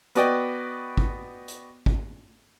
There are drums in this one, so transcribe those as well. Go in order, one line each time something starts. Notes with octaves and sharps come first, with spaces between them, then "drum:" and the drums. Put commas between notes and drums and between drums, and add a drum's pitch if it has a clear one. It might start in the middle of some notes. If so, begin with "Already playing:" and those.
B3 F#4 B4 D5 D#5 G5, drum: hi-hat
drum: kick
drum: hi-hat
drum: kick